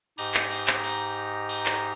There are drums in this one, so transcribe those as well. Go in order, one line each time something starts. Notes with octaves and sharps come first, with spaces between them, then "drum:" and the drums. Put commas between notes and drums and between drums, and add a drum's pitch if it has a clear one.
G#2 D#4 G4 A#5, drum: cymbal
drum: clap
drum: cymbal
drum: clap
drum: cymbal
drum: cymbal
drum: clap